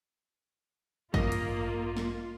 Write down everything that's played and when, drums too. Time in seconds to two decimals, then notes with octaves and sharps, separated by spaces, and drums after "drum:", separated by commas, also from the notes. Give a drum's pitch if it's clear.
1.14 A1 G2 A#3 F4 D#5 D#6, drum: kick
1.32 drum: hi-hat
1.97 drum: snare